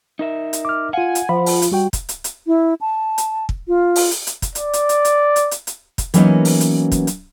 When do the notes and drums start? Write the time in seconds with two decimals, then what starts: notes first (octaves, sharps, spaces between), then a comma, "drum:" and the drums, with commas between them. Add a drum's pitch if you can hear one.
0.19 D#4 A#4 E5
0.53 drum: hi-hat
0.65 D6 F6
0.93 F4 F5 F#5 G#5
1.15 drum: hi-hat
1.29 F3 B5
1.46 drum: open hi-hat
1.62 drum: hi-hat
1.72 G3 F#4 G5
1.93 drum: kick, hi-hat
2.09 drum: hi-hat
2.24 drum: hi-hat
2.47 E4
2.81 A5
3.18 drum: hi-hat
3.49 drum: kick
3.68 F4
3.96 drum: open hi-hat
4.11 drum: hi-hat
4.27 drum: hi-hat
4.42 drum: kick, hi-hat
4.55 D5, drum: hi-hat
4.73 drum: hi-hat
4.89 drum: hi-hat
5.05 drum: hi-hat
5.36 drum: hi-hat
5.51 drum: hi-hat
5.67 drum: hi-hat
5.98 drum: kick, hi-hat
6.14 E3 F#3 A#3 B3 C#4 D#4, drum: hi-hat
6.45 drum: open hi-hat
6.60 drum: hi-hat
6.92 drum: kick, hi-hat
7.07 drum: hi-hat